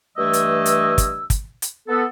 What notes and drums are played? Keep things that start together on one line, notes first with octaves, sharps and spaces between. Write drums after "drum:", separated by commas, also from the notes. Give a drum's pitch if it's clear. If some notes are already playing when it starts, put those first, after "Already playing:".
G2 E3 A3 E4 D#5 E6
drum: hi-hat
drum: hi-hat
drum: kick, hi-hat
drum: kick, hi-hat
drum: hi-hat
B3 A4